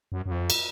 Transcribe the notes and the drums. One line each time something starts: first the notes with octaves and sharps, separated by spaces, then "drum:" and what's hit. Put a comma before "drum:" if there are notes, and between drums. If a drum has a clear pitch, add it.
F#2
F#2
F2
drum: cymbal